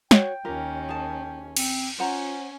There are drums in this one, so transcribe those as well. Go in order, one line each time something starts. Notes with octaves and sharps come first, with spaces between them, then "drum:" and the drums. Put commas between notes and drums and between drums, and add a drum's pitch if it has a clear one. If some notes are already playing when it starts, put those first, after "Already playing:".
F#4 C#5 G5, drum: snare
D#2 C#4 F4 G4 A#4
G#4 A5
C4, drum: cymbal
C#4 F4 C5 F#5 A#5